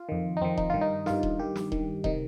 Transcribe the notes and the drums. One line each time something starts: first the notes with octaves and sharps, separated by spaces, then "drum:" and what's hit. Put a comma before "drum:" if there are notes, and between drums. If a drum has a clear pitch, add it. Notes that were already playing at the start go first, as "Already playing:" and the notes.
Already playing: F4
F2 D#3
D#4
F2 D#3 C4
D#4, drum: kick D#1
G2 D#3 F4
D#4
G2 D#3 F4, drum: snare
drum: kick D#1
G2 D#3 G4
drum: snare
G2 D#3, drum: kick D#1
C3 D#3 D#4, drum: kick D#1